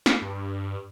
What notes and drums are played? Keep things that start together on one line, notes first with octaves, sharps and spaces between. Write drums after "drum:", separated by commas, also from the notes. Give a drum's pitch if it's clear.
drum: snare
G2